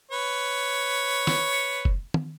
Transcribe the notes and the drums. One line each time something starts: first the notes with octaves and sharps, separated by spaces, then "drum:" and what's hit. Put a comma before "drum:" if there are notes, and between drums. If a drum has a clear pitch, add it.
B4 C#5
drum: snare
drum: kick
drum: tom